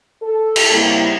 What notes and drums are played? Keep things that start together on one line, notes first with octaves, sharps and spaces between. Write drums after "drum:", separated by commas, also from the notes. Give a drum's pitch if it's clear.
A4
drum: cymbal
C#3 G3 A#3 C4 D#4 E4